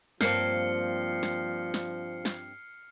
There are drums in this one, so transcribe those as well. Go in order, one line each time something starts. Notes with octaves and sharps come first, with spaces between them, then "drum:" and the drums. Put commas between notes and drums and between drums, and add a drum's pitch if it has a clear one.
G2 F3 A#3 C4 F6 C7 C#7, drum: snare
drum: snare
drum: snare
drum: snare